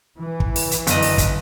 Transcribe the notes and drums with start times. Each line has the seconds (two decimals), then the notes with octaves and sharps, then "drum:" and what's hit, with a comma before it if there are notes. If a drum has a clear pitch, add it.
0.20 E3
0.40 drum: kick
0.56 drum: open hi-hat
0.71 drum: hi-hat
0.87 G1 F#2 D#5, drum: hi-hat
1.02 drum: open hi-hat
1.18 drum: kick, hi-hat